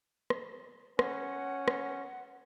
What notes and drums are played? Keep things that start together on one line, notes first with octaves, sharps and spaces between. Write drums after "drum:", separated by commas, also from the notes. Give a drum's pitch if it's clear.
drum: rim click
C#4 F#5, drum: rim click
drum: rim click